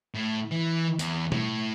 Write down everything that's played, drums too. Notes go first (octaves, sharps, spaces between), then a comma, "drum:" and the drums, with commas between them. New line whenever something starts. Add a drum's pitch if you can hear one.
A2
E3
E2, drum: hi-hat
A2, drum: tom B2